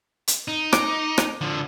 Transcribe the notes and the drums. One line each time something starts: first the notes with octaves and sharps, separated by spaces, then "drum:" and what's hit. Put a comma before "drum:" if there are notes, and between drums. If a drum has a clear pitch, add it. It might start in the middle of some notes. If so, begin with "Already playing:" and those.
drum: hi-hat
D#4
D6, drum: rim click
drum: rim click
D3 F3